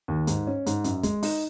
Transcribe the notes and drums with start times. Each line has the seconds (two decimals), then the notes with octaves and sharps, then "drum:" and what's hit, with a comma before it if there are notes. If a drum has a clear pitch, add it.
0.08 D#2
0.27 G#2, drum: hi-hat
0.47 C#4
0.66 G#2, drum: hi-hat
0.84 F#2, drum: hi-hat
1.03 G#3, drum: kick, hi-hat
1.23 D#4, drum: open hi-hat